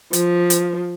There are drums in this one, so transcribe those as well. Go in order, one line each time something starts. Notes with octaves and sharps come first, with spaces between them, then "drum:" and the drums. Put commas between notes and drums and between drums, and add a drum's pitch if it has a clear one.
F3, drum: hi-hat
drum: hi-hat